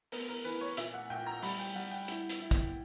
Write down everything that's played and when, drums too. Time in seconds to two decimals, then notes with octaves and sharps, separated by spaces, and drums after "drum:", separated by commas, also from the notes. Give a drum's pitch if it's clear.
0.12 B3 A#4, drum: open hi-hat
0.29 A#4
0.44 E3 B4
0.61 C#5
0.77 A#2 E5, drum: hi-hat
0.94 F#5
1.10 A#1 G5
1.26 A#5
1.42 G3 B5, drum: open hi-hat
1.60 G5
1.75 G3 F#5
1.91 G5
2.08 E4, drum: hi-hat
2.29 drum: hi-hat
2.40 E4
2.51 drum: kick, hi-hat